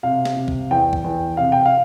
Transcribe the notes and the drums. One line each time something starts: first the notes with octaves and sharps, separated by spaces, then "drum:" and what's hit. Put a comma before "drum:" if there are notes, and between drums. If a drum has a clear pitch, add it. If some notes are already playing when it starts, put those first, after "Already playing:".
C3 F5
drum: snare
C3
drum: kick
E2 G5
drum: kick
E2
C3 F5
G5
F5